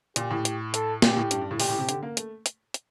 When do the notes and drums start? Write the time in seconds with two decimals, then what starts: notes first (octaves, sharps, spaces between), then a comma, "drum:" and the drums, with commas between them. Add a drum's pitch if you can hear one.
0.16 A#2 G4, drum: hi-hat
0.31 A2
0.45 drum: hi-hat
0.74 A4, drum: hi-hat
1.02 A#2 G4, drum: snare
1.17 A2
1.31 G2, drum: hi-hat
1.41 G2
1.51 A2
1.60 A#2 G4, drum: open hi-hat
1.69 A2
1.78 C3
1.89 D3, drum: hi-hat
2.03 A#3
2.17 A3, drum: hi-hat
2.46 drum: hi-hat
2.74 drum: hi-hat